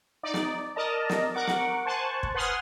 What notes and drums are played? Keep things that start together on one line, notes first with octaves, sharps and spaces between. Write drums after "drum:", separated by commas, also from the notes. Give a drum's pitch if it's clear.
D#4 D5
drum: snare
A#4 D5 D#5 A5 A#5
drum: snare
A#4 F#5 C#6 D6
drum: snare
C5 G#5 A5 C#6 F#6
drum: kick
B4 F#5 G#5 C6 D#6 F6